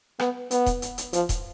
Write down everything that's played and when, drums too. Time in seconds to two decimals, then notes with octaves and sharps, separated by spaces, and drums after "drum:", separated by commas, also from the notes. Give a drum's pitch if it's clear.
0.20 B3, drum: rim click
0.51 B3, drum: hi-hat
0.66 drum: kick D#1, hi-hat
0.82 drum: hi-hat
0.98 drum: hi-hat
1.13 F3, drum: hi-hat
1.29 drum: kick D#1, hi-hat